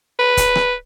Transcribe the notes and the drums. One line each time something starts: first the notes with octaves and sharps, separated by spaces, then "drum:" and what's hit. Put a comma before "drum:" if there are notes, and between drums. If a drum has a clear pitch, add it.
B4
drum: kick, hi-hat
drum: rim click